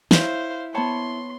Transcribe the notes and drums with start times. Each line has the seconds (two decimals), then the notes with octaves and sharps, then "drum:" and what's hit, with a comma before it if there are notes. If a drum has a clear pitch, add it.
0.11 E4 C5 C#5 F5, drum: snare
0.74 B3 C5 C#5 A5 B5 C6